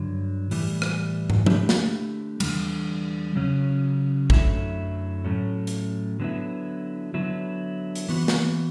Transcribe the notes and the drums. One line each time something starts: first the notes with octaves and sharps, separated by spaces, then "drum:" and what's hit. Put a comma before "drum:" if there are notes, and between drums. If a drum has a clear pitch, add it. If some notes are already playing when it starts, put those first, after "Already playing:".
Already playing: G2 D3 F#3
A2 E3 G3, drum: open hi-hat
drum: rim click
drum: tom
D3 A3 E4 G4, drum: tom F3
drum: snare
E2 D3 G3, drum: cymbal
C#3 F#3 C#4
F#2 D3 F#3 A3 E4, drum: kick
A2 F#3 A3 C#4
drum: hi-hat
D3 F#3 B3 E4
D3 F#3 B3 E4
drum: hi-hat
E3 B3 F#4, drum: open hi-hat
drum: snare